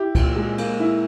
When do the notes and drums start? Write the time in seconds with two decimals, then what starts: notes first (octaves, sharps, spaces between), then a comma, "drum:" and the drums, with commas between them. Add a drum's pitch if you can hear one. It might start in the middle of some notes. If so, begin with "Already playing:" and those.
Already playing: E4 G4
0.15 A#2, drum: kick C#2, cymbal
0.36 G#3
0.58 A#3, drum: cymbal
0.80 E4